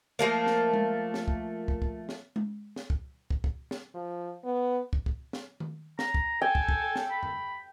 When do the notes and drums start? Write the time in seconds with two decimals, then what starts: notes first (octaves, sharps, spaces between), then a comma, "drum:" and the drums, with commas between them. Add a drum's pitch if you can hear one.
0.19 F3 A3 A#3
0.46 drum: snare
0.74 drum: tom G#3
1.14 drum: snare
1.28 drum: kick
1.68 drum: kick
1.82 drum: kick
2.09 drum: snare
2.36 drum: tom G#3
2.76 drum: snare
2.90 drum: kick
3.30 drum: kick
3.44 drum: kick
3.71 drum: snare
3.95 F3
4.45 B3
4.93 drum: kick
5.06 drum: kick
5.33 drum: snare
5.60 drum: tom D#3
5.99 A#5, drum: snare
6.14 drum: kick
6.42 A4 G5 G#5
6.55 drum: kick
6.69 drum: kick
6.96 drum: snare
7.11 B5
7.23 drum: tom E2